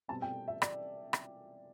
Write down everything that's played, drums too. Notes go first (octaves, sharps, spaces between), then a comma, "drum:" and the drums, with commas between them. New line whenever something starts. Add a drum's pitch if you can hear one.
B2 G3 C4 A5
G5
E5
D5, drum: rim click
drum: rim click